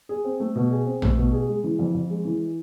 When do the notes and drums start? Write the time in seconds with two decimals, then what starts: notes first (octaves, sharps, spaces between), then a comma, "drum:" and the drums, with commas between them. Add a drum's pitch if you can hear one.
0.09 G#4
0.24 C4
0.40 A3
0.55 B2
0.71 G#4
0.86 C4
1.02 A3, drum: tom A#1
1.17 B2
1.33 G#4
1.48 G#3
1.64 E3
1.79 F2
1.94 F2
2.10 G#3
2.25 E3